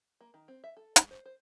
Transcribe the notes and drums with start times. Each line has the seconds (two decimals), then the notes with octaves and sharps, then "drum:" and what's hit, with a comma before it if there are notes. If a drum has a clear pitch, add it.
0.21 A#3
0.34 D#3
0.48 C4
0.64 E5
0.77 A4
0.96 G#3, drum: hi-hat
1.11 C5
1.26 C5